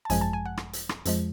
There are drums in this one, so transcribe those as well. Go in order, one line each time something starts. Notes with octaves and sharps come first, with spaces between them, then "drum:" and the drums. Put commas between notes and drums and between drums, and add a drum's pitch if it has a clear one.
A5
G#1 F#2 F3 G#3 G#5, drum: hi-hat
A5
G#5
F#5
drum: rim click
drum: hi-hat
drum: rim click
F2 F3 G#3, drum: hi-hat